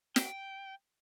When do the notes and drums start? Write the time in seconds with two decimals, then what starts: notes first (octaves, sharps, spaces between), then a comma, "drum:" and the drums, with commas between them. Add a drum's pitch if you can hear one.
0.16 G5, drum: snare